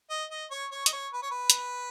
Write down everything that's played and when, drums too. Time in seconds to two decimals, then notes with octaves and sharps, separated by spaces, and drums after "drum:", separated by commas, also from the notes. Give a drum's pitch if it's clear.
0.10 D#5
0.31 D#5
0.51 C#5
0.71 C#5
0.86 D#5, drum: hi-hat
0.93 C#5
1.13 B4
1.22 C#5
1.31 B4
1.50 drum: hi-hat